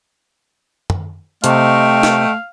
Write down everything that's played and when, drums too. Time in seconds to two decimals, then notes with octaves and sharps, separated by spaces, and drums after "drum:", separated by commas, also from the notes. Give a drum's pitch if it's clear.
0.90 drum: tom
1.44 C3 A3 D#5 F5 G5 C#6, drum: hi-hat
2.03 drum: snare